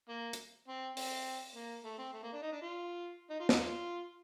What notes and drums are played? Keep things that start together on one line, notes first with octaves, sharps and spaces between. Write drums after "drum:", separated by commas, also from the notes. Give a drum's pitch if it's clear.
A#3
drum: hi-hat
C4
C4, drum: open hi-hat
A#3
A3
C4
A3
A#3
D4
D#4
D4
F4
D#4
F4
D#4, drum: snare
A#3 D4 F4